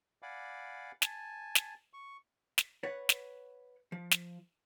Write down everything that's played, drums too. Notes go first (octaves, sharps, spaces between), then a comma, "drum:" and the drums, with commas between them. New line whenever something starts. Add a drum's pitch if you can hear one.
D5 F5 F#5 G#5 B5 D6
G#5 A5, drum: snare
drum: snare
C#6
drum: snare
B4 C#5 F#5
drum: snare
F3
drum: snare